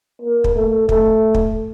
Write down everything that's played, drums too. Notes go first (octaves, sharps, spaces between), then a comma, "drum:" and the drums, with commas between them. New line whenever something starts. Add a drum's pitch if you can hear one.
A#3
drum: kick
A3
A3, drum: kick
drum: kick